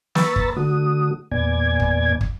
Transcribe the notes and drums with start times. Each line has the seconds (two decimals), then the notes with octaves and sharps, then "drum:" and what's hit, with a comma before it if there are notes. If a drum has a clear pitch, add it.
0.15 B4 A#5 B5 C#6 E6 A6, drum: snare
0.36 drum: kick
0.57 D3 A3 F#4 D#6
1.32 E2 A#2 B3 D5 G#5 G#6
1.80 drum: kick
2.21 drum: kick